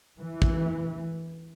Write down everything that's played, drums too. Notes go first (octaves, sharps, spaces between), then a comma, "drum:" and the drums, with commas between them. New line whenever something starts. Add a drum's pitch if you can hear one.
E3
drum: kick